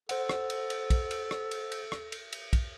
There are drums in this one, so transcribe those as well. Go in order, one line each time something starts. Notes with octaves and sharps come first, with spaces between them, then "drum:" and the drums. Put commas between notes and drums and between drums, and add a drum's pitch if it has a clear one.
A4 C5 F#5, drum: cymbal
drum: rim click
drum: cymbal
drum: cymbal
drum: kick, cymbal
drum: cymbal
drum: rim click
drum: cymbal
drum: cymbal
drum: rim click
drum: cymbal
drum: cymbal
drum: kick, cymbal